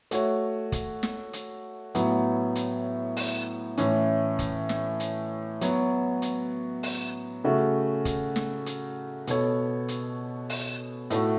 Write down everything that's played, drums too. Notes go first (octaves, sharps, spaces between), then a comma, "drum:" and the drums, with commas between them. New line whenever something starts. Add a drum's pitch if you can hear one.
A3 F#4 C#5, drum: hi-hat
drum: kick, hi-hat
drum: snare
drum: hi-hat
A2 F#3 B3, drum: hi-hat
drum: hi-hat
drum: open hi-hat
A2 E3 C#4, drum: hi-hat
drum: kick, hi-hat
drum: snare
drum: hi-hat
F#3 B3 F#4 C#5, drum: hi-hat
drum: hi-hat
drum: open hi-hat
C#3 A3 F#4
drum: kick, hi-hat
drum: snare
drum: hi-hat
B2 B3 A4 C#5, drum: hi-hat
drum: hi-hat
drum: open hi-hat
A2 A3 F#4, drum: hi-hat